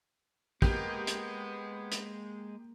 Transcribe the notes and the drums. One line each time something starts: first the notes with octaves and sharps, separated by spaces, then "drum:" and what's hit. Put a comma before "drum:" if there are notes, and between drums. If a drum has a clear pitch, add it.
G#3 A#3 B3 G4, drum: kick
drum: hi-hat
drum: hi-hat